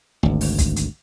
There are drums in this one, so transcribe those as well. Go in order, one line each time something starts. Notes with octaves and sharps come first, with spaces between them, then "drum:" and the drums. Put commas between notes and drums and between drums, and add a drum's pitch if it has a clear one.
G#1 D2
drum: open hi-hat
drum: kick B1, hi-hat
drum: hi-hat